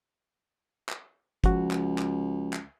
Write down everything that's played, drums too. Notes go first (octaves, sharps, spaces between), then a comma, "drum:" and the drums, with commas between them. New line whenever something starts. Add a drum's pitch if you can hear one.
drum: clap
C#2 F3 F#4, drum: kick, hi-hat
drum: clap
drum: clap
drum: clap